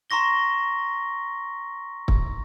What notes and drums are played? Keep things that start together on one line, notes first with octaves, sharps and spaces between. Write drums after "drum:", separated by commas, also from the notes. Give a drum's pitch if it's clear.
A#5 C6 C#6 A#6 G7
drum: kick